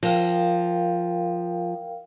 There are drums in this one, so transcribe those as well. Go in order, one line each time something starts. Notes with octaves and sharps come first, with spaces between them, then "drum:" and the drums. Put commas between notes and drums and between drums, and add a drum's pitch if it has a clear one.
F3 A#4 F5 G5, drum: open hi-hat